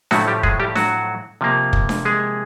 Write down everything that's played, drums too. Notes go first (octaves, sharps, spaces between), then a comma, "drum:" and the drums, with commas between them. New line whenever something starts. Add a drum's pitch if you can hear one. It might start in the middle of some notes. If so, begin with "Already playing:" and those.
A2 F3 F#3 A3 F#4, drum: snare D4
G3 G4
G#3 G#4, drum: kick
G3 G4
F#3 F#4, drum: snare D4
C3 F3 A#3
drum: kick
drum: snare D4
G#3 G#4